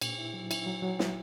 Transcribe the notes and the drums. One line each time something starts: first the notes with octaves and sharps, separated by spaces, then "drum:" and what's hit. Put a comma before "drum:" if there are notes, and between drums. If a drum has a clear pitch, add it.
A#2, drum: cymbal
E4
F#3
E4, drum: cymbal
F#3
F#3
E4, drum: snare